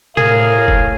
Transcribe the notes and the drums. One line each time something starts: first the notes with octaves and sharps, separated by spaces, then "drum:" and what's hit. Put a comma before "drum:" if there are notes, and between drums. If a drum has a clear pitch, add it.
A2 G#4 A#4 F5, drum: tom C3
drum: kick